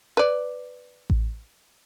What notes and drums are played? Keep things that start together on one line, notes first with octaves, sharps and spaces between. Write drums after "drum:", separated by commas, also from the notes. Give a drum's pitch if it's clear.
B4 D5
drum: kick A1